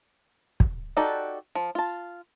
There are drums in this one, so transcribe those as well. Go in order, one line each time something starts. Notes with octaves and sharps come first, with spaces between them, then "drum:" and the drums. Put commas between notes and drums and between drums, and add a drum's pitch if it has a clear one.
drum: kick
D#4 F#4 G4 A4 D5
F3
F4 A5